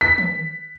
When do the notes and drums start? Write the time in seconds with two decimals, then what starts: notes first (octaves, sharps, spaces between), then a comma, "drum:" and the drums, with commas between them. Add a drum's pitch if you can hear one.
0.01 B6
0.18 drum: tom